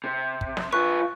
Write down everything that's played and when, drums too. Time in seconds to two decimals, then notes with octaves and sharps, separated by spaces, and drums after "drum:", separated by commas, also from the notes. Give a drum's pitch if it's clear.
0.04 C3
0.41 drum: kick
0.57 drum: snare
0.73 F4 B4 C#6 F#6